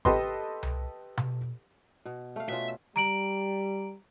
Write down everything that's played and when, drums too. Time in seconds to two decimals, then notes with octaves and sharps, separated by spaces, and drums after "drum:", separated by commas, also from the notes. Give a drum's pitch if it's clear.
0.05 G4 A4 B4 D#5 C6, drum: kick G#1
0.63 drum: tom C2
1.17 drum: tom B2
2.05 B2
2.36 A3 F5
2.49 B2 C#4 F4 E5
2.96 G3 A#5 D7 F#7, drum: snare